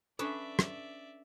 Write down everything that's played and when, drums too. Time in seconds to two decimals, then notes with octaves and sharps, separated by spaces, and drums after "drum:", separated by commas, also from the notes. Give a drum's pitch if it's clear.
0.19 C#4 D4 A4 B4 D5 E5 C#6
0.59 drum: rim click